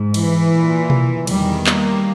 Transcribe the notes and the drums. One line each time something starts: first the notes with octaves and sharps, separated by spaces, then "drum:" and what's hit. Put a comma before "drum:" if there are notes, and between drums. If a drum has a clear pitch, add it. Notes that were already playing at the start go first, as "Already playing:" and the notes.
Already playing: G#2
E3, drum: cymbal
A#2
drum: tom B2
E2 D#3 G3, drum: cymbal
G3 A#3, drum: clap